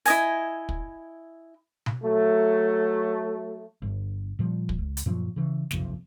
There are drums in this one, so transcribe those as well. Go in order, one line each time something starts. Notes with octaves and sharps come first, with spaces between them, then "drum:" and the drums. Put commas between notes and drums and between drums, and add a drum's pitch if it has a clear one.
E4 D#5 G#5, drum: open hi-hat
drum: kick
drum: tom B2
F#3 A3
G1
A#2 F3 G3
drum: kick
C#2
drum: hi-hat
F#2 A#2 F3 F#3
C#3 E3
F#1 B1 F2 C3, drum: snare